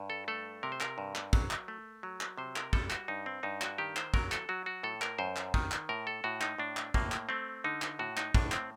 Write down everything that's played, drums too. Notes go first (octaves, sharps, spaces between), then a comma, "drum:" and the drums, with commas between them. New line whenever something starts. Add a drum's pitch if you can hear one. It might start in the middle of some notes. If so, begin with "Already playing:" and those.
Already playing: G2
A4
A3 A4
C3 A#4
C5
A#4, drum: clap
G2
drum: clap
F#3, drum: kick
drum: clap
A3
F#3
drum: clap
C3 C5
A#4, drum: clap
G3 A4, drum: kick
F#4, drum: clap
G2 D#4
C4
G2 D#4
F#4, drum: clap
D#3 G4
C5, drum: clap
F#3 A#4, drum: kick
A4, drum: clap
F#3 F#4
F#4
A2 A4
A#4, drum: clap
F#2 C5
drum: clap
D#3, drum: kick
drum: clap
A2 A#4
A4
A2 F#4
D#4, drum: clap
A2 D4
drum: clap
A2 A#3, drum: kick
drum: clap
A3 C4
D3 D#4
drum: clap
A2 F#4
D#4, drum: clap
A2 D4, drum: kick
C4, drum: clap